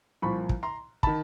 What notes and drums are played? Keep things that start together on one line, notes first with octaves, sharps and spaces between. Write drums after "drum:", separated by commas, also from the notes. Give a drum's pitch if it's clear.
C2 A#2 F3 B5 C#6
drum: kick
A#5 C6
D#3 A5 B5, drum: kick